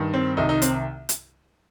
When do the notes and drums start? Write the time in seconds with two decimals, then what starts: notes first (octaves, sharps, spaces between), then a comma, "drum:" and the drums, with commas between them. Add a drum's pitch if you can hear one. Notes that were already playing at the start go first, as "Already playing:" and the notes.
Already playing: G2 D#3
0.14 C4
0.37 C2 C3 D#3 D#4
0.49 D#4
0.62 C4, drum: hi-hat
1.09 drum: hi-hat